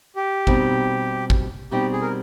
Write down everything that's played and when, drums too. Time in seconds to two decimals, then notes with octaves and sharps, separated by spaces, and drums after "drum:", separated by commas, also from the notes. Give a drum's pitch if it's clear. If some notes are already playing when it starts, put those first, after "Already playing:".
0.16 G4
0.47 B2 G3 C4 D#4, drum: kick G#1
1.30 drum: kick G#1
1.71 B2 G3 C4 D#4 G4
1.92 G#4
2.02 A#4